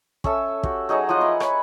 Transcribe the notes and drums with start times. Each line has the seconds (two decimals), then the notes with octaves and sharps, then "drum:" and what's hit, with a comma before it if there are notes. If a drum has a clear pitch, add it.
0.24 C#4 A4 E5, drum: kick
0.63 F#4 G4, drum: kick
0.89 F#3 D#4 G#4 C#5
1.09 F3 F4 D#5 F#5
1.21 A#4 B4 E5
1.40 C#5 B5, drum: rim click